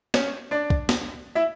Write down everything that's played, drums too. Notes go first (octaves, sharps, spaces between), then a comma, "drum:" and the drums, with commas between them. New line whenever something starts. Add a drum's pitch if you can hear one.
C#4 C#5, drum: snare
D4 D5
drum: kick
drum: snare
E4 E5